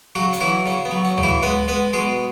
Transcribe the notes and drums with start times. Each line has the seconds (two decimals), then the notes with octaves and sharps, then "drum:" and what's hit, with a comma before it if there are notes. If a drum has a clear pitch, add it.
0.15 C#3 F#3 F#4
0.33 C#4, drum: hi-hat
0.41 E3 F#3 E4
0.66 C#3 C#4
0.85 B3
0.91 F#3
1.05 C#4
1.18 C#3, drum: tom D2
1.23 E3 E4
1.43 G#3 B3 B4
1.68 G#3 B3 B4
1.93 B2 G#3 G#4